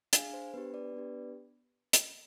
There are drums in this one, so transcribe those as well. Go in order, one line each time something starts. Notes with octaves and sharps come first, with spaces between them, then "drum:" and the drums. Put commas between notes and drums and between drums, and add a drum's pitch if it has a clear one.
D4 G#4 F5 G#5, drum: hi-hat
C5
B3 D4 G4 B4
B4 D5
B3 D4 G4
drum: hi-hat